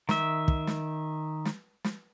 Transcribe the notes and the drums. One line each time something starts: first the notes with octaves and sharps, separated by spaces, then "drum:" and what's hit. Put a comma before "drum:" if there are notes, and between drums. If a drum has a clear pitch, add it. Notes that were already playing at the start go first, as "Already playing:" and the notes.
D#3 E5, drum: snare
drum: kick
drum: snare
drum: snare
drum: snare